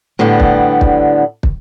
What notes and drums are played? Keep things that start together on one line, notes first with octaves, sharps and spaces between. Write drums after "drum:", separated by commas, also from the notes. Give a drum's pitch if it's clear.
A2 D3 G3 B3 G4
drum: kick
drum: kick
drum: kick